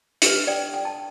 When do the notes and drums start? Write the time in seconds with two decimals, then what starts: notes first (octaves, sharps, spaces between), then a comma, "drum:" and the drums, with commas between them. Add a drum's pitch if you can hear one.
0.22 D4 G4 B4 E5, drum: hi-hat
0.47 D5 G5
0.74 G5
0.85 A5